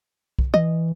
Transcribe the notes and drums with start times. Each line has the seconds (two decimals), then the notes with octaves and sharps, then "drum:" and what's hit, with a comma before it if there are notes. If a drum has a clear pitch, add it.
0.39 drum: kick
0.54 E3 D#5